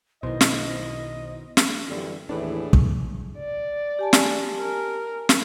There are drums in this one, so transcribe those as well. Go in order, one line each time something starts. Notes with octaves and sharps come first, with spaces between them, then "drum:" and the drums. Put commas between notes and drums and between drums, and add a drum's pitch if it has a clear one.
B1 B2 D#3 E4 C5 D#5
drum: snare
drum: snare
F#2 D3 E3 G3
D#2 A2 E3 D4 G#4
drum: kick
D5
G4 G#5 A5
drum: snare
A#4
drum: snare